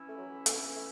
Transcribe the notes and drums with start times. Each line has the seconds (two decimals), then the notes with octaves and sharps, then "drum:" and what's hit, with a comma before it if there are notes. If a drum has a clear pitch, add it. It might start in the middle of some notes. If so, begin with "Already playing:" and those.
Already playing: E3 C#4 E4
0.08 A3
0.17 F#3
0.46 A3, drum: hi-hat
0.76 A3